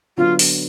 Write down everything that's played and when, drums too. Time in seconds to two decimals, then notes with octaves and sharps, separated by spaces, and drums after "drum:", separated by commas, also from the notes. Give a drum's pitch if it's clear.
0.17 D3 F#3 B3 F4
0.39 drum: open hi-hat